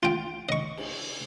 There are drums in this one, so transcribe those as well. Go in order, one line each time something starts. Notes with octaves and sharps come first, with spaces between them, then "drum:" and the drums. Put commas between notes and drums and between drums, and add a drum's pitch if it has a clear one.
F4 G5
D#5 C#6
drum: cymbal